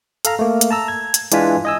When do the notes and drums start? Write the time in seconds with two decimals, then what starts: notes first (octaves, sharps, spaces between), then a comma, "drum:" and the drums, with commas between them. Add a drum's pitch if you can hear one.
0.25 A4 F5 A#5, drum: hi-hat
0.39 A3 A#3
0.61 drum: hi-hat
0.71 A5 A#5 E6
0.88 G#6
1.14 drum: hi-hat
1.32 E3 G#3 D4 F4 G#5 B6, drum: hi-hat
1.65 D#5 G#5 E6